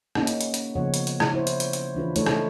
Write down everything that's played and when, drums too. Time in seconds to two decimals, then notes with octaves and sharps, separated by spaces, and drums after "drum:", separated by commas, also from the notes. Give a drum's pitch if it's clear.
0.15 A#3 C#4 D#4 F#5, drum: rim click
0.27 drum: hi-hat
0.41 drum: hi-hat
0.54 drum: hi-hat
0.76 C#3 F3 B3 C#5 F#5
0.94 drum: hi-hat
1.07 drum: hi-hat
1.20 drum: rim click
1.34 E4 C5 C#5
1.47 drum: hi-hat
1.60 drum: hi-hat
1.73 drum: hi-hat
1.95 E3 D4 F4 B4
2.16 A3 D#4 E4 A4 B4 C#5, drum: hi-hat
2.26 drum: rim click